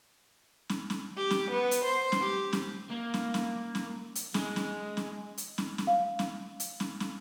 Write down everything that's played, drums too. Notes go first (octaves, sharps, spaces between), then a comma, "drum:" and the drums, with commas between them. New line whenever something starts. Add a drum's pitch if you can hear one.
drum: snare
drum: snare
G4
drum: snare
B3
drum: hi-hat
C5
drum: snare
G4
drum: snare
A#3
drum: snare
drum: snare
drum: snare
drum: hi-hat
G#3, drum: snare
drum: snare
drum: snare
drum: hi-hat
drum: snare
drum: snare
F5
drum: snare
drum: hi-hat
drum: snare
drum: snare